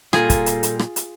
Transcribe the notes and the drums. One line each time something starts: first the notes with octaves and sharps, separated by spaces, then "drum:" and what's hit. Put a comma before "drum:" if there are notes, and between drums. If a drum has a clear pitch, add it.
A#2 G3 A#3 F4 G#4 A4, drum: rim click
drum: kick, hi-hat
drum: hi-hat
drum: hi-hat
drum: rim click
drum: hi-hat